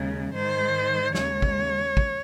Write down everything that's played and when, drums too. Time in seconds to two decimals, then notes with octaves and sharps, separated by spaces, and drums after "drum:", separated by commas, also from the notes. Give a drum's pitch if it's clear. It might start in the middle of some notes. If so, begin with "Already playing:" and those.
Already playing: D#2 C#3 G#3
0.33 G#2 D#3 G#3 C5
1.15 D#2 C#3 G#3 C#5, drum: snare
1.42 drum: kick
1.97 drum: kick